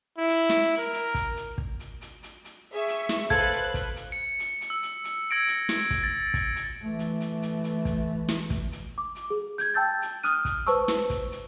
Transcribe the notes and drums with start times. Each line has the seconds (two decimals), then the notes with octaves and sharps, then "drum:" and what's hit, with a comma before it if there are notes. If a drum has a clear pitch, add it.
0.18 E4
0.28 drum: hi-hat
0.50 drum: snare
0.78 A#4
0.93 drum: hi-hat
1.14 drum: kick, hi-hat
1.36 drum: hi-hat
1.58 drum: kick
1.79 drum: hi-hat
2.01 drum: hi-hat
2.23 drum: hi-hat
2.44 drum: hi-hat
2.74 G#4 E5 C#6
2.88 drum: hi-hat
3.09 drum: snare
3.30 A4 B4 C5 F5 F#6 G#6, drum: kick, hi-hat
3.52 drum: hi-hat
3.74 drum: kick, hi-hat
3.96 drum: hi-hat
4.12 C#7
4.39 drum: hi-hat
4.61 drum: hi-hat
4.70 E6
4.82 drum: hi-hat
5.04 drum: hi-hat
5.31 E6 G#6 A#6 C#7 D7
5.47 drum: hi-hat
5.69 drum: snare
5.90 drum: kick, hi-hat
6.03 A6
6.34 drum: kick, hi-hat
6.55 drum: hi-hat
6.82 E3 A3
6.99 drum: hi-hat
7.20 drum: hi-hat
7.42 drum: hi-hat
7.64 drum: hi-hat
7.85 drum: kick, hi-hat
8.28 drum: snare
8.50 drum: kick, hi-hat
8.72 drum: hi-hat
8.98 D6
9.15 drum: hi-hat
9.30 G#4
9.58 G6 G#6, drum: hi-hat
9.74 G5 A5 E6 G6 A6
10.02 drum: hi-hat
10.23 D#6 F6 F#6 D#7, drum: hi-hat
10.45 drum: kick, hi-hat
10.66 B4 C5 A5 C#6 E6, drum: hi-hat
10.88 drum: snare
11.10 drum: kick, hi-hat
11.31 drum: hi-hat